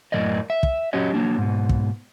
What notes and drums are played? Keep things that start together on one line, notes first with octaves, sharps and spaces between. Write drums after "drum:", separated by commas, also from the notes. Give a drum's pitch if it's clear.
F#2 A2 F3 A#4 D5 D#5
E5
drum: kick
F#3 C#4 F#4 G4 C#5 D#5
F#3 A#3 D4
G#2 B2
drum: kick